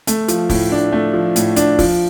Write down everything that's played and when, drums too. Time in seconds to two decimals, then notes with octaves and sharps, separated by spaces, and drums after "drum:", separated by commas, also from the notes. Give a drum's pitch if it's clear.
0.07 A3, drum: hi-hat
0.28 F3, drum: hi-hat
0.50 A2, drum: kick, open hi-hat
0.72 D4
0.92 A3
1.14 F3
1.36 A2, drum: hi-hat
1.56 D4, drum: hi-hat
1.79 F3, drum: kick, open hi-hat